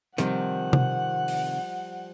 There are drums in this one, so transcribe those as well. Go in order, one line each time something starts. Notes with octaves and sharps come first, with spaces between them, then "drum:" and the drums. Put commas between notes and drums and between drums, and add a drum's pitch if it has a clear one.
C3 D#3 F3 G3 F#5, drum: hi-hat
drum: tom C3
drum: open hi-hat